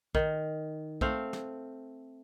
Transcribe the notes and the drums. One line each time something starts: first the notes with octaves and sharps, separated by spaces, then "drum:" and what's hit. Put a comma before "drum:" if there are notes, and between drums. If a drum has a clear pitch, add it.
D#3, drum: kick
A3 C4 F5, drum: kick
drum: snare